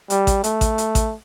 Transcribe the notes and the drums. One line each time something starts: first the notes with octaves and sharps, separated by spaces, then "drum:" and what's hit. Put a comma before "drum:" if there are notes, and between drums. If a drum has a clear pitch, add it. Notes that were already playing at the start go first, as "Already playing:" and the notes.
G3, drum: hi-hat
drum: kick A1, hi-hat
A3, drum: hi-hat
drum: kick A1, hi-hat
drum: hi-hat
drum: kick A1, hi-hat